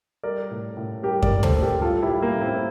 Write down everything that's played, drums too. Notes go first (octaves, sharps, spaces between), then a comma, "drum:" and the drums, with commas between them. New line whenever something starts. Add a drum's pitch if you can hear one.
G3 A#4 D5
A2
A2
G3 G4 A#4
A#4 D5, drum: kick F#2
A2
A4 C5, drum: tom
A2
G4 A#4
G3 F4 A4
E4 G4
G3
A#3
A2
C4 E4